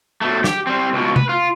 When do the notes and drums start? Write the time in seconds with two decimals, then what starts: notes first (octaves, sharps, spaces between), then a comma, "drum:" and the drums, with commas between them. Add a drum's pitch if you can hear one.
0.21 B2 A3
0.44 G4, drum: snare
0.67 G3 C4
0.93 C#2 B2
1.16 B4, drum: tom C3
1.29 F4